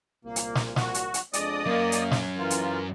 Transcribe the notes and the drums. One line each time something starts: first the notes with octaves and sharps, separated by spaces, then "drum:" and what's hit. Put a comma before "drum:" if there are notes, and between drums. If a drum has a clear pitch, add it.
C2 A#2 A#3
drum: hi-hat
drum: snare
F#4, drum: snare
drum: hi-hat
drum: hi-hat
F2 G#3 D4 D5 D#5 D#6, drum: hi-hat
F#2 A#3 C#4
drum: hi-hat
drum: snare
E3 F4 A#4
drum: hi-hat